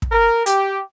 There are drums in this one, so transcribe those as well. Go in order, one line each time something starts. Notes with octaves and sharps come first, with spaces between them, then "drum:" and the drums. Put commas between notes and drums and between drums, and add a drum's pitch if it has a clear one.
drum: kick
A#4
G4, drum: hi-hat